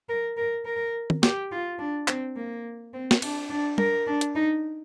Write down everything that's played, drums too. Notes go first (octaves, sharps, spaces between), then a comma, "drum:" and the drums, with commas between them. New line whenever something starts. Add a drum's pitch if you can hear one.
A#4
A#4
A#4
drum: tom D#3
G4, drum: snare
F4
D4
C4, drum: clap
A#3
C4
drum: snare
D4, drum: cymbal
D4
A#4, drum: tom
D4
drum: hi-hat
D#4